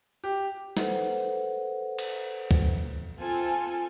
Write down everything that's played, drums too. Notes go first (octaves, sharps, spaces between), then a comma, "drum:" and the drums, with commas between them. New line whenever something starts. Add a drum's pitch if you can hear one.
G4
A4 B4 C5 F#5, drum: snare
drum: cymbal
drum: kick
C4 F4 A4 G#5